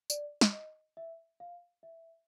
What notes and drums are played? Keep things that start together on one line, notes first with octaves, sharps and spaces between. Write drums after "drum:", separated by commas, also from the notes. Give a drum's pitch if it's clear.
D5, drum: tambourine
drum: snare
D#5
E5
F5
E5